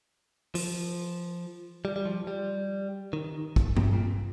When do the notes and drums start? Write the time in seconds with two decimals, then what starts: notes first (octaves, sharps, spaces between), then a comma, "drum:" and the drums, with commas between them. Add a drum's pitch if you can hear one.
0.55 F3, drum: open hi-hat
1.85 G3
1.96 G3
2.05 F3
2.27 G3
3.13 D#3
3.56 drum: kick
3.77 C3, drum: tom G2
3.93 A#2